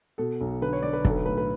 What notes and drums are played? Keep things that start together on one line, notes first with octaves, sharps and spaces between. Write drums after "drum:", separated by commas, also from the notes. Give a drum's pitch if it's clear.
B2 A4
B1
D3 B4
C#5
D3 D5
B4
B1 A4, drum: kick
B4
A2 B4
B4